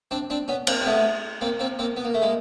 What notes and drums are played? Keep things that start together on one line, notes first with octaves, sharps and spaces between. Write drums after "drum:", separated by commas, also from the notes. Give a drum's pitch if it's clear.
C4 D4
C4 D4
B3 C#4
A#3 C4, drum: cymbal
C4
A3 B3
A#3 C4
A#3 C4
A#3 C4
B3
A#3
A3
G#3 A#3